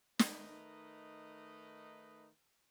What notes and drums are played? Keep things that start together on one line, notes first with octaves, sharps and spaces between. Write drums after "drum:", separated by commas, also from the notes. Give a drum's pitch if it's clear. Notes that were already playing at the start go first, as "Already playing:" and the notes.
D#3 A3 D#4 B4 D#5, drum: snare